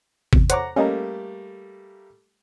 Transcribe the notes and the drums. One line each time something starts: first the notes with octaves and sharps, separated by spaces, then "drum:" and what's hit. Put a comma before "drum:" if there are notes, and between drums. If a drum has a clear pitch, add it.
E2 C3, drum: kick G1
C5 C#5 F#5 A#5 D6, drum: hi-hat
G3 A3 A#3 C#4 D#5 A#5